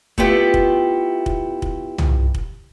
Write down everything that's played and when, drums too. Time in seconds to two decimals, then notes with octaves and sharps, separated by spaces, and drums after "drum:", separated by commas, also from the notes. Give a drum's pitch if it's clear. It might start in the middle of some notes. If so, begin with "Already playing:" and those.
0.18 A3 B3 E4 F4 G4, drum: kick
0.54 drum: kick
1.26 drum: kick
1.62 drum: kick
1.98 drum: tom C2
2.35 drum: kick